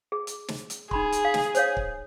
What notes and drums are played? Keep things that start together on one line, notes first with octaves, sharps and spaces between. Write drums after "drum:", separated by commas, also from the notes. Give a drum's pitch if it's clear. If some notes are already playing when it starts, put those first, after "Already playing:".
G#4
drum: hi-hat
drum: snare
drum: hi-hat
D#4 G#4 B5 C6, drum: kick
drum: hi-hat
F5
drum: snare
C5 C#5 F5, drum: hi-hat
drum: kick